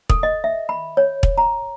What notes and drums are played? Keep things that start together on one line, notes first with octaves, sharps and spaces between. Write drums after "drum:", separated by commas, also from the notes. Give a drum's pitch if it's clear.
A4, drum: kick
D#5
E5
B5
C#5
drum: kick
A#5